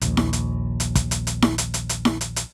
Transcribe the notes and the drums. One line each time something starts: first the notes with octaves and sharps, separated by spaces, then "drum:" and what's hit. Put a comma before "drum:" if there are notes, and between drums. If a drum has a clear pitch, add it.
A#1 D#2, drum: hi-hat
drum: snare E4
drum: hi-hat
drum: hi-hat
drum: kick, hi-hat
drum: hi-hat
drum: hi-hat
drum: snare E4
drum: hi-hat
drum: hi-hat
drum: hi-hat
drum: snare E4
drum: hi-hat
drum: hi-hat